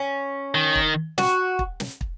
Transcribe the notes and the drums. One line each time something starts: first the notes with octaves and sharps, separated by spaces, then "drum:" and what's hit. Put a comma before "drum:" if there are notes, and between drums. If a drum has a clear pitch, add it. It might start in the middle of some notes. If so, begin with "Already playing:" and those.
Already playing: C#4
D#3
drum: kick
F#4, drum: snare
drum: kick
drum: snare
drum: kick